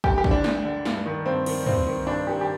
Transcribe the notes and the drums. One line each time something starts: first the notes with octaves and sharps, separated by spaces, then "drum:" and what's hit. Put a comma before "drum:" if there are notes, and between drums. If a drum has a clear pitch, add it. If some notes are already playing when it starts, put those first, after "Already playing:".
D2 G4, drum: kick
G4
D3, drum: kick
D4
D2, drum: snare
D3
G2, drum: snare
D#3
G2 C4
D#3, drum: cymbal
G2 C4, drum: tom
D#3
G2 D4
D#3 G4
G4